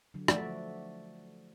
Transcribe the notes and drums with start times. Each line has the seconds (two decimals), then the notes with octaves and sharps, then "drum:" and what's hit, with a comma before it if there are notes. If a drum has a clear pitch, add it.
0.14 D3 F#3
0.28 F3 A3 F#4 D5 E5, drum: rim click